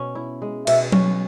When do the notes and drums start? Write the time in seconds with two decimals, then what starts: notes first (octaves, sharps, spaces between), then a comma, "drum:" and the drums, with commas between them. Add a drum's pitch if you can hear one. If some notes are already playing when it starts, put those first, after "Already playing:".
Already playing: B2 C#4
0.15 E4
0.42 G#3
0.67 B2 E5, drum: cymbal
0.92 C#4, drum: tom F#3